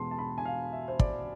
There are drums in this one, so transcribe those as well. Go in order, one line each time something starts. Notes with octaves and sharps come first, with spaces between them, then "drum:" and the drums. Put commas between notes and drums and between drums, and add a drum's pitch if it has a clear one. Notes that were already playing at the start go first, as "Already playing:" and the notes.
Already playing: E2 B2 G#3 A5 C6
A5
B5
G#5
F5
E5
C5
D5, drum: kick